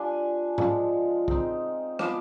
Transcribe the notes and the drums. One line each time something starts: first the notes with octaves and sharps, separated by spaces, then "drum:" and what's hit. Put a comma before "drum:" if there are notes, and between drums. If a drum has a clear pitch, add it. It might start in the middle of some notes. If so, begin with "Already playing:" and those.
Already playing: G3 D4 F4 G#5 C6
F3 G#3 D4 F4, drum: tom G#2
G#3 C4 D#4, drum: kick
F3 B3 F4 D6, drum: rim click